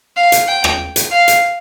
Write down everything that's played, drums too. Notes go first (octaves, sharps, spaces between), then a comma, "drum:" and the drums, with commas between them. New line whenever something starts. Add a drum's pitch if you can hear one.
F5
drum: hi-hat
G5
drum: rim click
drum: hi-hat
F5
drum: hi-hat